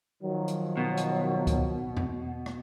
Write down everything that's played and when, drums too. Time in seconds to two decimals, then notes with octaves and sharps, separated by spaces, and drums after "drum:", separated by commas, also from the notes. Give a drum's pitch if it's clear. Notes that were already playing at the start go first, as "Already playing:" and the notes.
0.23 D#3 F3 F#3
0.48 drum: hi-hat
0.77 B2
0.97 drum: hi-hat
1.47 drum: kick C#2, hi-hat
1.97 drum: tom E2
2.46 drum: rim click